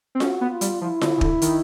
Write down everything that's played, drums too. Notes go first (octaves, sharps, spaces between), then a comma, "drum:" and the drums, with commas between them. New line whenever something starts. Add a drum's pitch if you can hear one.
C4
C#4 F#4, drum: snare F4
B3
F4
G3, drum: hi-hat
F3 E4
D3, drum: snare F4
C#3
D3, drum: kick
D#3, drum: hi-hat